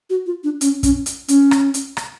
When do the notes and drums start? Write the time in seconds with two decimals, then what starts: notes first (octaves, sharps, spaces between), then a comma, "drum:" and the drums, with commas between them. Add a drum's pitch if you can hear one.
0.10 F#4
0.26 F4
0.44 D4
0.61 C#4, drum: hi-hat
0.83 C#4, drum: kick, hi-hat
1.06 drum: hi-hat
1.28 C#4, drum: hi-hat
1.51 drum: rim click
1.74 drum: hi-hat
1.97 drum: rim click